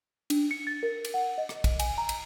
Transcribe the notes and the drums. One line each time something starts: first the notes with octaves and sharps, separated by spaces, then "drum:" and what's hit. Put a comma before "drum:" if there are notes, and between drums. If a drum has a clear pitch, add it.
D4, drum: cymbal
C#7
A6
A#4
drum: cymbal
F#5
D#5
drum: rim click
drum: kick, cymbal
G#5, drum: cymbal
A#5
drum: cymbal